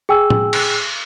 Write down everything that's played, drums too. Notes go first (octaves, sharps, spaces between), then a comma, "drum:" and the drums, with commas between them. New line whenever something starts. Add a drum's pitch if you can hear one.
G#4 G5 G#5 E6
drum: tom A2
drum: cymbal